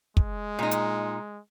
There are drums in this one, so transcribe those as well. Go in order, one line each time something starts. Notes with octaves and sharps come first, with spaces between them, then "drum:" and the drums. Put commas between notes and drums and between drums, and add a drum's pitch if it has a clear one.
G#3, drum: kick
A#2 D#4
drum: hi-hat